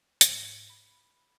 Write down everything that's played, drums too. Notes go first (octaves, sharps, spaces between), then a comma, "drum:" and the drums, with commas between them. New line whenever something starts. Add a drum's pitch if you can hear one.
G#2, drum: hi-hat
B5